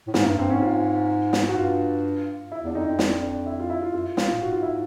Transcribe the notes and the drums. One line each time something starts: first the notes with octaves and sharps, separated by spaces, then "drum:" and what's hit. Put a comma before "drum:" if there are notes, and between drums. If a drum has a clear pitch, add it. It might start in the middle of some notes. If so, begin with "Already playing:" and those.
A2
G#2 A#3, drum: snare
G2
G2 C4
G#2 C#4
F4
drum: snare
G#2 F#4
G2 F4
E4
E2 D4
F2 D#4
F2
F2 D4, drum: snare
D4
E4
F4
E4
F4
F#2 F4
A2 F4, drum: snare
A#2
G#2 F#4
F4
E4